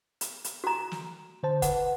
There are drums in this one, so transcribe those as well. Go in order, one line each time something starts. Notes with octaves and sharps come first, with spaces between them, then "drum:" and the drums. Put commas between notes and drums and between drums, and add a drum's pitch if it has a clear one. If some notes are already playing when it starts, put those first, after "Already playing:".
drum: hi-hat
drum: hi-hat
F#4 A#5
drum: snare
D3 C5 A5
B4 F#5, drum: kick, hi-hat